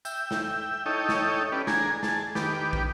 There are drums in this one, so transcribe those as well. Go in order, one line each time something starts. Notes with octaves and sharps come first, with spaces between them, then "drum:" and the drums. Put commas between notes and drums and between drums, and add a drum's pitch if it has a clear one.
E5 G5, drum: tambourine
drum: snare
D#4 E4 A4 C#5 D#5 G5
drum: snare
C#4 G4 B4 D5
D4 G#4 G#5 A#5, drum: snare
G#4 A5, drum: snare
D#3 G4 B4 D6, drum: snare
drum: kick